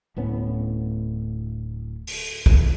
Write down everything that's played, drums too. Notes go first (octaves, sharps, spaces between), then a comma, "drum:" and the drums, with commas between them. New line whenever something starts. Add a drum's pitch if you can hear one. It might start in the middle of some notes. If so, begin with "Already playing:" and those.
D1 A2 B3 C#4
drum: open hi-hat
drum: kick